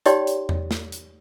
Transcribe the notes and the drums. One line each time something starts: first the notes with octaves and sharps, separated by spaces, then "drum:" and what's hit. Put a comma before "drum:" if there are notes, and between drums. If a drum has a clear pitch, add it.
D#4 G4 C#5 D5 G5 C6, drum: hi-hat
drum: hi-hat
drum: tom E2
drum: snare
drum: hi-hat